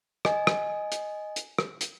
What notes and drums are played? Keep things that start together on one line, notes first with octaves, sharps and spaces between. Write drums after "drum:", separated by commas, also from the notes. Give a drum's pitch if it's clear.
D#5 G#5, drum: rim click
drum: rim click
drum: hi-hat
drum: hi-hat
drum: rim click
drum: hi-hat